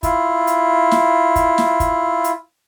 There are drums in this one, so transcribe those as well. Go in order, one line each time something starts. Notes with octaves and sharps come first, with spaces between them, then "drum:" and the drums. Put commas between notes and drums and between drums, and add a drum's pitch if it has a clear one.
E4 F4, drum: kick, hi-hat
drum: hi-hat
drum: snare
drum: kick, hi-hat
drum: snare
drum: kick, hi-hat
drum: hi-hat